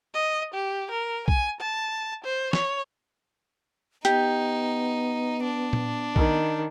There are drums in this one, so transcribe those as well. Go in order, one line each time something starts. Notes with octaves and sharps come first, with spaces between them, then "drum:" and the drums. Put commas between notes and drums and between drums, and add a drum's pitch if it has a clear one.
D#5
G4
A#4
G#5, drum: kick B1
A5
C5
C#5, drum: snare
B3 D#4 G4, drum: hi-hat
D4
drum: tom A#2
D#3, drum: kick B1